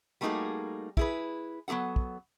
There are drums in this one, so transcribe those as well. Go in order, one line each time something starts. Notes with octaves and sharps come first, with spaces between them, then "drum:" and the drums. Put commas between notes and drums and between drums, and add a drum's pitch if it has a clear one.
G3 A3 A#3 D#4 F#4 G#4
E4 G#4 B4, drum: kick
F#3 B3 G#4 A4 F#5
drum: kick